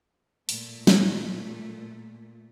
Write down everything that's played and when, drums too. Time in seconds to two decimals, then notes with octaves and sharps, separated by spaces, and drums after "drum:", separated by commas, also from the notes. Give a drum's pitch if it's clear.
0.49 A#2 A3, drum: open hi-hat
0.87 drum: snare